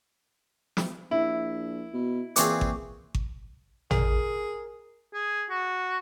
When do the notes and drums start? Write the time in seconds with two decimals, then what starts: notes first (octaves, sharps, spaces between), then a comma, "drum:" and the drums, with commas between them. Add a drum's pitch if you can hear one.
0.77 drum: snare
1.11 A#1 E4
1.94 B2
2.36 A#2 E3 A#3 C4 G#4 C#6 D6, drum: hi-hat
2.61 drum: kick G#1
3.15 drum: kick G#1
3.91 G#4 A#4, drum: tom
5.14 G#4
5.50 F#4